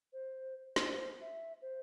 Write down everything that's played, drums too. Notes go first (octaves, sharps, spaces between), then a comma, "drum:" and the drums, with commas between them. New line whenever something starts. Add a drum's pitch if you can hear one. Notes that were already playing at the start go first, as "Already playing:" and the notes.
C5
C5, drum: snare
E5
C5